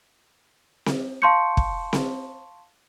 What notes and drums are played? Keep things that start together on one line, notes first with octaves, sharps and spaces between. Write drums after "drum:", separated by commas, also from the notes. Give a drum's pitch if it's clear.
drum: snare C4
F5 A5 C6 C#6 G6 C#7
drum: kick
drum: snare C4